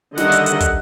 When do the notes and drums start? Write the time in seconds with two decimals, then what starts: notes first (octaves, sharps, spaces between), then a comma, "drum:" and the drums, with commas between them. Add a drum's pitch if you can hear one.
0.17 D3 D#3 G3 D#5 E5 F#5, drum: snare
0.32 drum: hi-hat
0.46 drum: hi-hat
0.60 drum: kick, hi-hat